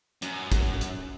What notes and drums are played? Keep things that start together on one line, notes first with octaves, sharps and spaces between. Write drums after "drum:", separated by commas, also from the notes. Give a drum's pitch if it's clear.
F#2, drum: hi-hat
drum: kick, hi-hat
drum: hi-hat